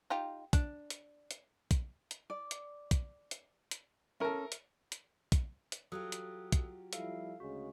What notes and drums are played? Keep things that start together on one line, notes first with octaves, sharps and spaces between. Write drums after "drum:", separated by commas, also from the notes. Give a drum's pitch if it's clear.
D#4 F4 G4
D4, drum: kick, hi-hat
drum: hi-hat
drum: hi-hat
drum: kick, hi-hat
drum: hi-hat
D5
drum: hi-hat
drum: kick, hi-hat
drum: hi-hat
drum: hi-hat
C#4 E4 A4 A#4
drum: hi-hat
drum: hi-hat
drum: kick, hi-hat
drum: hi-hat
F#3 F4 G4 A4 D#6 F#6
drum: hi-hat
drum: kick, hi-hat
F3 G3 E4 A4 F5, drum: hi-hat
D2 C#3 G#3 F#4